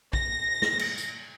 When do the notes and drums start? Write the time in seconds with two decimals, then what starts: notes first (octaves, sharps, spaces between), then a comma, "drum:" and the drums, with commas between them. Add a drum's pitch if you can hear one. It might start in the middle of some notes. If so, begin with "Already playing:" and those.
0.13 A#6, drum: kick A#1
0.62 drum: snare
0.79 drum: cymbal
0.98 drum: tambourine